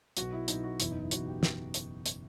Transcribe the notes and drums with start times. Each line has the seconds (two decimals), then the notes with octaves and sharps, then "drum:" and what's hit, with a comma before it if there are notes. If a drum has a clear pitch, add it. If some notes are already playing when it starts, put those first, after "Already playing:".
0.17 B1 B2 F#4, drum: hi-hat
0.33 E4
0.48 B1 B2 D#4, drum: hi-hat
0.64 F#4
0.80 F#1 E2 B2 E4, drum: hi-hat
0.91 D#4
1.01 E4
1.11 F#1 E2 B2 F#4, drum: hi-hat
1.27 G4
1.43 drum: snare
1.74 drum: hi-hat
2.06 drum: hi-hat